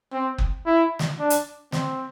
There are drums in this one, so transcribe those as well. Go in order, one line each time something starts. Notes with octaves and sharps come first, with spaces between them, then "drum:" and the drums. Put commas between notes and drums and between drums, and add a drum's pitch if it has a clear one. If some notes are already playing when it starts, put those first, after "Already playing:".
C4
drum: kick F#1
E4
drum: snare
D4
drum: hi-hat
C4, drum: snare